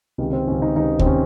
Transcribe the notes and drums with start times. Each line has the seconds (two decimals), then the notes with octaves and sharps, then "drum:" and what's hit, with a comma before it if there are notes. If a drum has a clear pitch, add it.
0.18 C#2 C3 D#3
0.33 C4
0.47 C#2 C3 D#3 C#4
0.62 D#4
0.76 C#2 C3 D#3 D#4
0.99 C4, drum: kick D2
1.06 C3 D#3 C#4